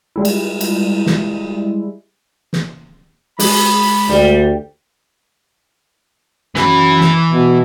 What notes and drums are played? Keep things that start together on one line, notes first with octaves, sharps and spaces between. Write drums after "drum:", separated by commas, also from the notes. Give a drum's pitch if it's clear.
G3 G#3 E4
drum: cymbal
drum: cymbal
drum: snare
drum: snare
G#3 B5, drum: open hi-hat
D2 G3
F#2 E3 B5, drum: snare
drum: snare
B2